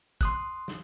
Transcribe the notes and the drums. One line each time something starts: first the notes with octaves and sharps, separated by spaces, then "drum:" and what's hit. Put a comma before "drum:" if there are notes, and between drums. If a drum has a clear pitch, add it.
C6 D#6 F#6, drum: kick, hi-hat
drum: snare